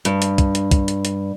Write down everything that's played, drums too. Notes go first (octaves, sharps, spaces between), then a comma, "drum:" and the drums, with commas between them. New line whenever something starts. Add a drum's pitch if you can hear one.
G2, drum: hi-hat
drum: hi-hat
drum: kick, hi-hat
drum: hi-hat
drum: kick, hi-hat
drum: hi-hat
drum: hi-hat